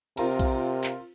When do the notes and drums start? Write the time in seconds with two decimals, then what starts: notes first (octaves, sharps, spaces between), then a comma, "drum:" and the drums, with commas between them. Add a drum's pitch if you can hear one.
0.17 C3 C4 F4 A#4, drum: cymbal
0.39 drum: kick, cymbal
0.84 drum: clap